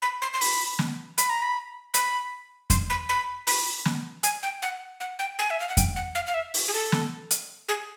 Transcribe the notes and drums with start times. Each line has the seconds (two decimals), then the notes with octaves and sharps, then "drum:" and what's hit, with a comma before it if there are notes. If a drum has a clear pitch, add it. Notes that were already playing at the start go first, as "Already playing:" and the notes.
0.02 B5
0.22 C6
0.33 C6
0.41 B5, drum: open hi-hat
0.79 drum: snare
1.18 B5, drum: hi-hat
1.30 A#5
1.42 B5
1.94 B5, drum: hi-hat
2.70 C6, drum: kick F2, hi-hat
2.90 B5
3.09 B5
3.47 B5, drum: open hi-hat
3.85 drum: snare
4.23 G#5, drum: hi-hat
4.43 G5
4.62 F#5
5.00 F#5
5.19 G5
5.39 G#5
5.50 E5
5.60 F5
5.69 F#5
5.77 G5, drum: kick F2, hi-hat
5.96 F#5
6.15 F5
6.27 F5
6.34 E5
6.54 drum: open hi-hat
6.68 G#4
6.74 A4
6.92 drum: snare
7.31 drum: hi-hat
7.69 G#4